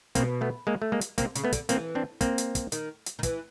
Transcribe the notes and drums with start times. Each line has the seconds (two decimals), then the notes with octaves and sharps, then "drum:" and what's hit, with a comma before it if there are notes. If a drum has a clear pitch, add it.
0.15 B2 A#3 C4, drum: kick, hi-hat
0.41 A3 B3
0.67 G#3 A#3
0.82 A3
0.92 G#3 A#3
1.01 drum: hi-hat
1.18 C3 A#3 C4, drum: kick, hi-hat
1.35 C#3, drum: hi-hat
1.44 A3 B3
1.52 D3, drum: kick, hi-hat
1.69 E3 A#3 C4, drum: hi-hat
1.95 C4 D4
2.21 A#3 C4, drum: kick, hi-hat
2.38 drum: hi-hat
2.55 drum: kick, hi-hat
2.72 D#3, drum: hi-hat
3.06 drum: hi-hat
3.19 D#3
3.23 E3, drum: kick, hi-hat